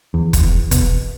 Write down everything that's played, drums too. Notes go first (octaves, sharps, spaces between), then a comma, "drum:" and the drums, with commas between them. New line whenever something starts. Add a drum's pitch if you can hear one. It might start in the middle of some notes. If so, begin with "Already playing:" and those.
E2
drum: kick, hi-hat
E2
B2, drum: kick, hi-hat